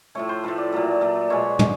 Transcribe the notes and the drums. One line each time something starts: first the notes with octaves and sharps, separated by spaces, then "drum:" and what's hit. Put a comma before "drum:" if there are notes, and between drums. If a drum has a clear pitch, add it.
A2 F3 A3 C#5
C5
A2 F3 A3 B4
D5
A#2 F#3 A3
A#2 F#3 A3
B2 G#3 C#5
G#3, drum: tom